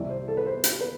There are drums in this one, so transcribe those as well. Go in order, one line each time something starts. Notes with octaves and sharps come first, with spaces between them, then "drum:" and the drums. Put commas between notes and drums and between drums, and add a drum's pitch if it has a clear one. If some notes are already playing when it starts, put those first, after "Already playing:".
Already playing: C2 C3 E3 D5
C5
A4
B4
C5
drum: hi-hat
B4